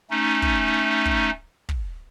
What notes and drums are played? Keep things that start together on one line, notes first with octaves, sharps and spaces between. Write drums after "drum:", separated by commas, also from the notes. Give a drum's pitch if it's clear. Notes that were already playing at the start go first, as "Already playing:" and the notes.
A3 C#4 D#4
drum: kick
drum: kick
drum: kick